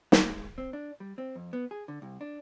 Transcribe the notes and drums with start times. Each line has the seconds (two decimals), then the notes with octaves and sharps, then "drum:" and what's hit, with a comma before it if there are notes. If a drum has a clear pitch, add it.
0.12 A#3, drum: snare
0.29 G#3
0.58 C4
0.73 D4
1.00 G3
1.18 C4
1.35 F2
1.53 B3
1.71 G#4
1.88 D3
2.02 C2
2.21 D4